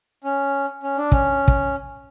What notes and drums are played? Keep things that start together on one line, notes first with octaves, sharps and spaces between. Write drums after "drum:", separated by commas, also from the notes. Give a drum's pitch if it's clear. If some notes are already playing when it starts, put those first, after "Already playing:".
C#4
C#4
D4
C#4, drum: kick
drum: kick